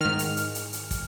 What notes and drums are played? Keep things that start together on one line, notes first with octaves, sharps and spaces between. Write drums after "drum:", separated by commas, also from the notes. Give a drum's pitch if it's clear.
G#2 D#3 F6
drum: hi-hat
drum: hi-hat
drum: hi-hat
drum: hi-hat
drum: kick, hi-hat